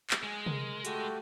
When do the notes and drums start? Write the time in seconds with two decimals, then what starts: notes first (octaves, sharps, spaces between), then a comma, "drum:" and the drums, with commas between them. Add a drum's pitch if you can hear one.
0.10 drum: clap
0.23 G#3 G#5
0.46 A#4, drum: tom C3
0.85 A3 F#4 G4, drum: hi-hat